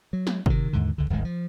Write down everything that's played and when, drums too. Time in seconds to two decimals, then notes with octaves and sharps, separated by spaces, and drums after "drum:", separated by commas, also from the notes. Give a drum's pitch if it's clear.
0.13 F#3
0.27 drum: snare
0.46 C3 D#3, drum: kick
0.73 D#2 G#2 D3
0.98 C#2 D3
1.10 D1 G#1 D#3 G#3
1.25 F3